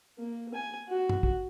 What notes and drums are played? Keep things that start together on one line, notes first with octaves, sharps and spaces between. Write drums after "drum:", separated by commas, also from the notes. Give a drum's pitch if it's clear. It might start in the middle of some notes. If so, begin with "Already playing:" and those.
A#3
G#5
F#4
drum: tom G2
drum: kick